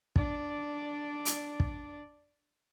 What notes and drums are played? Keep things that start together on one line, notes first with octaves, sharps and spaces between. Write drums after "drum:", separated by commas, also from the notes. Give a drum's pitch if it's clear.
D4 D5, drum: kick
drum: hi-hat
drum: kick